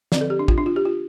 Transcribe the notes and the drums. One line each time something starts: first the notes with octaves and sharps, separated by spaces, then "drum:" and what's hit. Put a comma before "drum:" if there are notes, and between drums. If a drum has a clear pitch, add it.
D3 F3 C4 D5, drum: snare
A4
G4
D4
F4, drum: kick
D4
F4
G4
F4